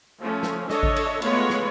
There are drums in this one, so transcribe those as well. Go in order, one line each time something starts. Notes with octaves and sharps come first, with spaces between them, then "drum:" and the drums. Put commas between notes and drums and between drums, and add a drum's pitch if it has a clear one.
F3 A3 C#4
drum: snare
D4 A4 C#5 D#5 E5, drum: snare
drum: kick G#1
drum: cymbal
G#3 A3 B3 F4 B4 C#5, drum: cymbal
drum: snare